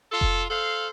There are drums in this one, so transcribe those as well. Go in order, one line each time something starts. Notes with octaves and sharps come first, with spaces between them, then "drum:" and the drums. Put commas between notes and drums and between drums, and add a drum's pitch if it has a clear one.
F4 A4
drum: kick F1
A4 C5 F5